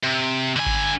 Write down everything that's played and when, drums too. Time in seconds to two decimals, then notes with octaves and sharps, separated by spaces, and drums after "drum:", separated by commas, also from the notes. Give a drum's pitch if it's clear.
0.03 C3
0.56 D3 G#5
0.66 drum: kick G#1